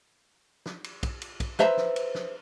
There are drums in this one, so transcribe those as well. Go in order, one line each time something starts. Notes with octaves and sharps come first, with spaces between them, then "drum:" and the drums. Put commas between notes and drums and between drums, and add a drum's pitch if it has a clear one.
drum: snare
drum: cymbal
drum: kick, cymbal
drum: cymbal
drum: kick, cymbal
B4 C5 E5 A#5, drum: snare
drum: snare
drum: cymbal
drum: snare